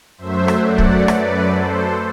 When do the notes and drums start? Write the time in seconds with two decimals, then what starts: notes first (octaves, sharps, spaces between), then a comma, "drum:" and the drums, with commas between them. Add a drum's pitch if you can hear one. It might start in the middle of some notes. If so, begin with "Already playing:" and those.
0.18 F#2 F#3 A3 C5 E5
0.48 drum: rim click
0.63 D5 F#5
0.78 drum: kick
1.08 B4 D5, drum: rim click
1.53 A4 C5